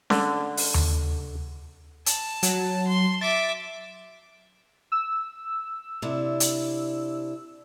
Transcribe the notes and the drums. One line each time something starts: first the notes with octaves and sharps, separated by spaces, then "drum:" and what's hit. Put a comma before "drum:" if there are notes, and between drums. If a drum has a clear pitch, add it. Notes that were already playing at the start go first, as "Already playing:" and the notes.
D3, drum: snare C#4
drum: open hi-hat
drum: tom D#2
A5, drum: hi-hat
F#3, drum: hi-hat
C6
E5 D6 A6
E6
C3 D4 E4
drum: hi-hat